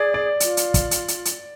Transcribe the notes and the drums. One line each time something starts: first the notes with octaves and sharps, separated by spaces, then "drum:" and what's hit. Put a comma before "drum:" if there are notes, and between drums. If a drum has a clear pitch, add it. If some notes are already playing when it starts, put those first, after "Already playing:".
Already playing: G#4 D5
D5
F4, drum: hi-hat
drum: hi-hat
drum: kick, hi-hat
drum: hi-hat
drum: hi-hat
drum: hi-hat